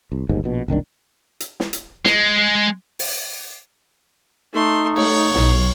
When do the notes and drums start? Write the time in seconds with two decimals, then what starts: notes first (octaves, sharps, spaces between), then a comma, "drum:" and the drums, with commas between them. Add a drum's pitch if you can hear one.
0.12 C2
0.29 G1 D#2 G#2
0.44 A#1 B2
0.68 F#1 C2 D#3 D4
1.40 drum: hi-hat
1.60 drum: snare
1.73 drum: hi-hat
2.05 G#3, drum: snare
2.99 drum: open hi-hat
4.53 A3 D#4 C6
4.96 A3 C#5, drum: cymbal
5.35 B1, drum: snare